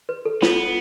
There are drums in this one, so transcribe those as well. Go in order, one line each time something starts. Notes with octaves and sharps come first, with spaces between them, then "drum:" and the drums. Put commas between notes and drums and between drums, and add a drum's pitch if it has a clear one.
B4
A4
B3 F4, drum: snare